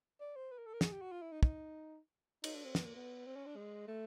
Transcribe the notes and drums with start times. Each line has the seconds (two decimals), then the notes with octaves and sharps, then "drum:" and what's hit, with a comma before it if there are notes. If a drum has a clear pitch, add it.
0.20 D5
0.36 C5
0.51 B4
0.58 A#4
0.66 A4
0.73 A#4
0.81 G#4, drum: snare
0.92 G4
1.01 F#4
1.12 F4
1.22 E4
1.32 D#4
1.43 D#4, drum: kick
2.44 D#4, drum: cymbal
2.55 D4
2.64 C4
2.75 B3, drum: snare
2.85 A#3
2.96 B3
3.26 C4
3.36 C#4
3.46 D4
3.56 G#3
3.88 A3